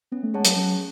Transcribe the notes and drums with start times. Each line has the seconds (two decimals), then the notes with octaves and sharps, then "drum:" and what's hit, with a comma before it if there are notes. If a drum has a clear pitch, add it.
0.12 B3 C#4
0.23 A3
0.34 G#3 G#4 C#5 F#5 A5
0.45 F#3, drum: hi-hat
0.56 F#3 C#4